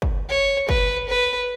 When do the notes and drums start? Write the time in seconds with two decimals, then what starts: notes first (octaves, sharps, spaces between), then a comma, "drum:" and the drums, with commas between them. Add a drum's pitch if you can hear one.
0.02 drum: kick
0.29 C#5
0.69 B4, drum: kick
1.08 B4